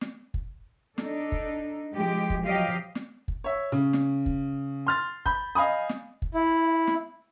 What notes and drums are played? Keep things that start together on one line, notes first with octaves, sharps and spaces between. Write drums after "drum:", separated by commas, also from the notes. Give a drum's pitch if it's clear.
drum: snare
drum: kick
D4 D#4 A4, drum: snare
drum: kick
F3 G#3 G4
drum: kick
F3 F#3 G4 D#5 F5
drum: snare
drum: kick
C#5 E5
C#3
drum: snare
drum: kick
C6 F6 A6
B5 G6, drum: kick
D#5 F5 G#5 B5 D#6
drum: snare
drum: kick
E4
drum: snare